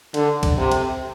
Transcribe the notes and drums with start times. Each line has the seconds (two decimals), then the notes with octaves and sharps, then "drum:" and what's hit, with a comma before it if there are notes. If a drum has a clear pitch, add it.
0.14 D3, drum: cymbal
0.43 drum: kick C2, cymbal
0.57 C3
0.71 drum: cymbal